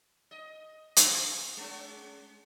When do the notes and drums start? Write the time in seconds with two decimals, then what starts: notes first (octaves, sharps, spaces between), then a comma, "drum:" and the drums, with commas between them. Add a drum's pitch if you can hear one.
0.31 D#5
0.96 drum: hi-hat
1.57 G#3 C#4